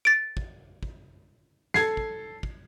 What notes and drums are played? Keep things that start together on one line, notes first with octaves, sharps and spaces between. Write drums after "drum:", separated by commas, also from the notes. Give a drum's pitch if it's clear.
A6 D7
drum: kick
drum: kick
A4 G#6 C7, drum: snare
drum: kick
drum: kick